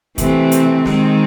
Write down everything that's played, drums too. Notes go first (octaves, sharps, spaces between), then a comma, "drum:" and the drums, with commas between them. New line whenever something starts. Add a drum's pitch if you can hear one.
C3 E3 A3 C4, drum: kick, hi-hat
drum: hi-hat
D#3 G#3 C4, drum: snare